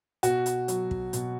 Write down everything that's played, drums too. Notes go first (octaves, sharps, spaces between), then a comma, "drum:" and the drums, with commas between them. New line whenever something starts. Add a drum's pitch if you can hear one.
B2 F#4, drum: hi-hat
drum: hi-hat
F#3, drum: hi-hat
drum: kick
B2, drum: hi-hat